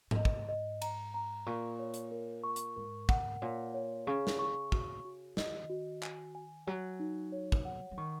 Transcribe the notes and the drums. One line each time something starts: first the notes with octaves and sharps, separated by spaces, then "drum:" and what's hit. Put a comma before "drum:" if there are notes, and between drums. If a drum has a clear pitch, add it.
A#2, drum: tom G#2
G#2 D#5
drum: kick
D#5
A#5, drum: cymbal
A#5
A#2 C#6
C#5
drum: hi-hat
A#4
C#6
drum: hi-hat
G#2 A#4
F#5, drum: kick
A#2 C#5
C#5
C#3 C#6
drum: snare
C#6
F#4, drum: kick
F#4
D#3 D#5, drum: snare
F#4
G#5, drum: clap
G#5
F#3 G#5
D#4
C#5
drum: kick
F#5
F#3
D#3 C#6